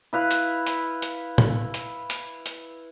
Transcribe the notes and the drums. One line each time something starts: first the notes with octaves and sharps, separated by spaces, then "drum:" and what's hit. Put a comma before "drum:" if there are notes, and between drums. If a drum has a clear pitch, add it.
E4 B4 F5
drum: hi-hat
drum: hi-hat
drum: hi-hat
drum: tom
drum: hi-hat
drum: hi-hat
drum: hi-hat